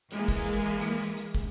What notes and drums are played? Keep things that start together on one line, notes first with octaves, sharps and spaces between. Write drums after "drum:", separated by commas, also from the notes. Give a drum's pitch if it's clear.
E3 G#3 A#3, drum: hi-hat
drum: kick, hi-hat
drum: hi-hat
drum: rim click
drum: hi-hat
drum: hi-hat
drum: kick